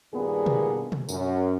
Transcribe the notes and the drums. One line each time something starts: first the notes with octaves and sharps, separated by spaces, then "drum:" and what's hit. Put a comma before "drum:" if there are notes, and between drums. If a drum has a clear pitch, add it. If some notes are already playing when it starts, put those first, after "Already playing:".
G2 A#2 D#3 B3 G#4 D5
drum: tom B2
drum: tom B2
F#2, drum: tambourine